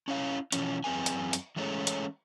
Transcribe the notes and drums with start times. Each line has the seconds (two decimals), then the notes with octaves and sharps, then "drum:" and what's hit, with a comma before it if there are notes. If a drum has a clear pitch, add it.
0.08 C#4 E4 C#5 F5
0.52 B2 E3 F3 C#4, drum: hi-hat
0.84 F#2 E3 C4 G#4 B4 G#5
1.06 drum: hi-hat
1.33 drum: hi-hat
1.56 E3 G#3 A3 C#4 G#4 C#5
1.87 drum: hi-hat